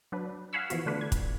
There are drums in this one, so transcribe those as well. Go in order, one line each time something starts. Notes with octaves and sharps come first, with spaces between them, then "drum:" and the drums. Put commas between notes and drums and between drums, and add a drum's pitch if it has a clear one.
F#3 D4 B4
F5 F#5 G#5 B5 C#6 E6
E3 F3 B3 F#4, drum: hi-hat
D3 A3 D4 F4 B4
G#6
drum: kick, hi-hat